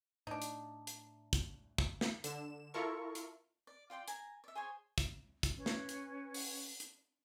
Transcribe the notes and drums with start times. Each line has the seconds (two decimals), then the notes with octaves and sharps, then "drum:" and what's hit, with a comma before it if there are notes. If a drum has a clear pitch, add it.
0.27 A2 D4 D#4
0.42 drum: hi-hat
0.87 drum: hi-hat
1.33 drum: kick, hi-hat
1.78 drum: kick
2.01 drum: snare
2.24 D3 E7, drum: hi-hat
2.74 E4 F4 A4 A#4 C#6
3.15 drum: hi-hat
3.67 D5
3.90 F4 D5 G5 C6
4.08 G#5 A#5, drum: hi-hat
4.44 D5 E5
4.55 G#4 C5 C#5 G#5
4.98 drum: kick, hi-hat
5.43 drum: kick, hi-hat
5.57 C#4 B4
5.66 drum: snare
5.89 drum: hi-hat
6.34 drum: open hi-hat
6.80 drum: hi-hat